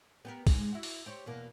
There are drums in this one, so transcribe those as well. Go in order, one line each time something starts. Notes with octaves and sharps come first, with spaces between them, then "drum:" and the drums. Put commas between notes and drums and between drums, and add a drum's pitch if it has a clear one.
B3 G4 A#4
G#2 G#3, drum: kick, open hi-hat
E4 F#4
drum: open hi-hat
G4 C5 C#5
E2 B2 A#3